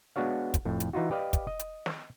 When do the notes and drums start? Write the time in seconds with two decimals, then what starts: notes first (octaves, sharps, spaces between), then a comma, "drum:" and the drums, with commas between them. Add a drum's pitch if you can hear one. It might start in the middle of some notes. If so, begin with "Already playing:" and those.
0.16 G#3 B3 D4 F#4 C#5 F5
0.54 drum: kick, hi-hat
0.65 F2 A2
0.80 drum: hi-hat
0.93 E3 D#4 F4 F#4
1.11 G4 B4 D5 D#5 F5
1.33 drum: kick, hi-hat
1.47 D#5
1.59 drum: hi-hat
1.86 drum: snare